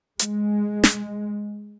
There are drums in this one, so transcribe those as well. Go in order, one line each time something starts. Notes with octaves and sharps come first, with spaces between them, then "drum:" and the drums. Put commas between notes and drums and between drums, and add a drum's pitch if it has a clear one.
G#3, drum: hi-hat
drum: snare